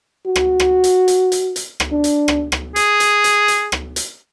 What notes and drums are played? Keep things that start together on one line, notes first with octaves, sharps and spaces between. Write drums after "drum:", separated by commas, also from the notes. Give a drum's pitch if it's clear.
F#4
drum: rim click
drum: rim click
drum: hi-hat
drum: hi-hat
drum: hi-hat
drum: hi-hat
drum: rim click
D4
drum: hi-hat
drum: rim click
drum: rim click
G#4, drum: hi-hat
drum: hi-hat
drum: hi-hat
drum: hi-hat
drum: rim click
drum: hi-hat